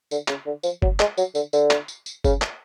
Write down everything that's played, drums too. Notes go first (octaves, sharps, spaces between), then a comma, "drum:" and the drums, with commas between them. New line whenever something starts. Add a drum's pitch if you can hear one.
D3, drum: tambourine
C#3, drum: clap
D3
F3, drum: tambourine
F#3, drum: kick F#1
G#3, drum: clap
F#3, drum: tambourine
D3, drum: tambourine
D3, drum: tambourine
drum: clap
drum: tambourine
drum: tambourine
C#3, drum: kick F#1, tambourine
drum: clap